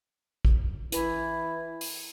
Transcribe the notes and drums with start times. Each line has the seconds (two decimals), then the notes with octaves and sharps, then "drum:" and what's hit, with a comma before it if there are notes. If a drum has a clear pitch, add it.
0.45 drum: kick A1
0.92 E3 E4, drum: hi-hat
1.81 drum: open hi-hat